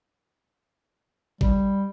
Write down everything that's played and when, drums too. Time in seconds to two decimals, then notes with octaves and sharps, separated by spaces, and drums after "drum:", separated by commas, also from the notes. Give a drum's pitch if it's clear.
1.41 G3, drum: kick G#1